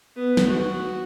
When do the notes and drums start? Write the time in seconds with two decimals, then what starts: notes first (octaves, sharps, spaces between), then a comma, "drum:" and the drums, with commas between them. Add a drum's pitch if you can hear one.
0.16 B3
0.37 drum: snare
0.47 F#4